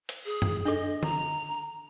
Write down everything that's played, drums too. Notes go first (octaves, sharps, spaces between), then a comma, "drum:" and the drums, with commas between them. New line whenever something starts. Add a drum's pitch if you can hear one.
drum: hi-hat
G#4
drum: tom F#2
D4 A4 D#5
A#5, drum: tom D3